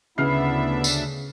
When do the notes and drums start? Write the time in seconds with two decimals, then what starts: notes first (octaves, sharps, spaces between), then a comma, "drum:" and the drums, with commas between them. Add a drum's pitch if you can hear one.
0.18 D2 C#3 B3 D4 E4 E5 F6 C7
0.84 drum: tambourine